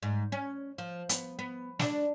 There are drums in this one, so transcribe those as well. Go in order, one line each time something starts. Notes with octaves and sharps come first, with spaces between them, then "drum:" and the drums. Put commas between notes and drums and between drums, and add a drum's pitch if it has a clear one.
G#2
C#4
F3
B3, drum: hi-hat
B3
D4, drum: snare